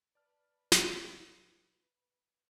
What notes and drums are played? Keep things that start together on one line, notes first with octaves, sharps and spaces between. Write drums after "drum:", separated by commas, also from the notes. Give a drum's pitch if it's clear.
B4 D5 A5 F6
drum: snare